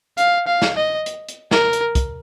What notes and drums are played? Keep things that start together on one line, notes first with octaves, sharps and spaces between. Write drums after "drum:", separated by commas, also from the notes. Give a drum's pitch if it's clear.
F5, drum: hi-hat
F5
drum: snare
D#5
drum: hi-hat
drum: hi-hat
A#4, drum: snare
drum: hi-hat
drum: kick, hi-hat